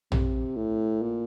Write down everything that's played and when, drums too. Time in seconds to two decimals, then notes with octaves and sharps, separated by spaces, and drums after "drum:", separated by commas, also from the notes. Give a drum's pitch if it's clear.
0.12 C3, drum: tom A#1
0.57 A2
1.02 A#2